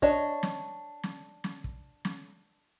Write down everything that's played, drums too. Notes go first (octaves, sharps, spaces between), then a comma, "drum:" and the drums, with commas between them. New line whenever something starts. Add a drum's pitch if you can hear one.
D4 C#5 D#5, drum: kick
drum: snare
drum: snare
drum: snare
drum: kick
drum: snare